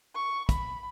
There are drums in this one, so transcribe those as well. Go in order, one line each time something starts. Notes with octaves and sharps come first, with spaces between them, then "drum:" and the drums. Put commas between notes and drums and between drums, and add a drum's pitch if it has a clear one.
C#6
B5, drum: kick, hi-hat